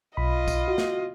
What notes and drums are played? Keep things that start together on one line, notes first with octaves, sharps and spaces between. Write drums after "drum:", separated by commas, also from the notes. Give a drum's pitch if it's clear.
B1 F4 D#5 B5
drum: kick, tambourine
F#4
drum: snare